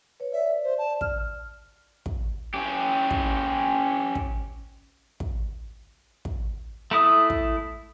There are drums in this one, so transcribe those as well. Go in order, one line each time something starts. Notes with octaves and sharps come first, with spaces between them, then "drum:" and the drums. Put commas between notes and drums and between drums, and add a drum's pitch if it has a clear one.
B4 C#5
D5 E5
C5
A5
F6, drum: kick
drum: kick
C#4 G4
drum: kick
drum: kick
drum: kick
drum: kick
A3 E4 D#6
drum: kick